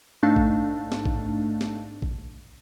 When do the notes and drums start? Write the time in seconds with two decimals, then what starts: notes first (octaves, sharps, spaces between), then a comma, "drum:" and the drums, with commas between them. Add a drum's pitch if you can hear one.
0.22 G#2 A3 D4 D#4 F5 A5
0.36 drum: kick A1
0.92 drum: snare
1.05 drum: kick A1
1.61 drum: snare
2.02 drum: kick A1